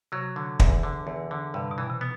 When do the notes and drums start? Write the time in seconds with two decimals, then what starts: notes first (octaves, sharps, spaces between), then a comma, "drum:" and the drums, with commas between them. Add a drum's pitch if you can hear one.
0.12 C3 F#3
0.36 D3
0.60 E2, drum: kick
0.83 D3
1.07 E2
1.31 D3
1.54 G2 C3
1.71 B2
1.78 E3
1.90 C3
2.01 B3